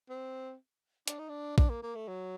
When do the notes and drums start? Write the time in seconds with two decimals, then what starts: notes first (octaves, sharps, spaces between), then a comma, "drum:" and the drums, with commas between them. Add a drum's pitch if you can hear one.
0.10 C4
1.08 D4, drum: hi-hat
1.19 D#4
1.29 D4
1.58 D4, drum: kick
1.70 A#3
1.83 A#3
1.95 A3
2.08 F#3